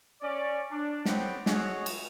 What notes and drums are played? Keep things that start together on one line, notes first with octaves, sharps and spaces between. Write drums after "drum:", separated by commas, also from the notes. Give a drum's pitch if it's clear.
C#4 D5
D4
B3 C4 G4 A4 C#5 F#5, drum: snare
F#4 G#4 A4 C#5 D#5 F#5, drum: snare
drum: cymbal